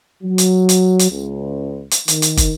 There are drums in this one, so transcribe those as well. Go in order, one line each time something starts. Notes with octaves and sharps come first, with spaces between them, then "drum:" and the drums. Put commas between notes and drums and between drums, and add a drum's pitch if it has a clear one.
F#3
drum: hi-hat
drum: hi-hat
drum: hi-hat
C#2
drum: hi-hat
D#3, drum: hi-hat
drum: hi-hat
drum: kick, hi-hat